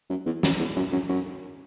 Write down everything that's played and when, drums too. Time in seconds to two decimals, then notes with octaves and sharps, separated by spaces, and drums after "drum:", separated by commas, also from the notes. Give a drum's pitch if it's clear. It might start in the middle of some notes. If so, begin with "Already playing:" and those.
0.10 F#2
0.26 E2
0.43 F#2, drum: snare
0.59 E2
0.76 F#2
0.92 F#2
1.09 F#2